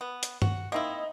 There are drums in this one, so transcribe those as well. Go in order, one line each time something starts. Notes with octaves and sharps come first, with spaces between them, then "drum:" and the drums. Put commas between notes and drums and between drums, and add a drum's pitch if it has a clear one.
B3
drum: hi-hat
F#4, drum: tom G2
A#3 C4 D#4 E4 D#5